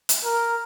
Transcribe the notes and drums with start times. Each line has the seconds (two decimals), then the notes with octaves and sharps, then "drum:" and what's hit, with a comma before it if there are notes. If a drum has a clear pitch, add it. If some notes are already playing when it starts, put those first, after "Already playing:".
0.09 drum: hi-hat
0.25 A#4